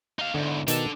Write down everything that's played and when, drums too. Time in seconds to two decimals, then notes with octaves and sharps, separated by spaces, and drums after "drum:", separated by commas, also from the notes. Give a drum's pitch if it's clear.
0.19 D#4 F5
0.34 E2 G#2 D3
0.68 B2 D#3 D4 A4, drum: hi-hat